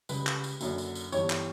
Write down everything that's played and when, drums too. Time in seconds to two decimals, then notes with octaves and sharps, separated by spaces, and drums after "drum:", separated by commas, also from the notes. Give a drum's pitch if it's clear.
0.09 C#2 C#3 G3 B4, drum: tambourine
0.27 drum: clap
0.44 drum: tambourine
0.61 F#1 F#2 D3 F#3, drum: tambourine
0.78 drum: tambourine
0.95 drum: tambourine
1.12 G1 G2 E3 G3 C#5, drum: tambourine
1.30 drum: clap